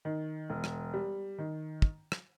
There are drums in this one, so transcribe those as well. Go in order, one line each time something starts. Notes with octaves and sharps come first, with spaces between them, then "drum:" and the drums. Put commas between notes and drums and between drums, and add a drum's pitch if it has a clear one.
D#3
E1
drum: rim click
G3
D#3
drum: kick
drum: rim click